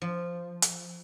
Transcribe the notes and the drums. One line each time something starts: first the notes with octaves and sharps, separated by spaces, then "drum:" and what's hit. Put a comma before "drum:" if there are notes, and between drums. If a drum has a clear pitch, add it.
F3
drum: hi-hat